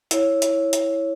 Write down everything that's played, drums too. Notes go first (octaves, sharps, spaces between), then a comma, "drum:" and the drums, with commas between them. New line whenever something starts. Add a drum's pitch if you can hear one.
E4 C#5, drum: hi-hat
drum: hi-hat
drum: hi-hat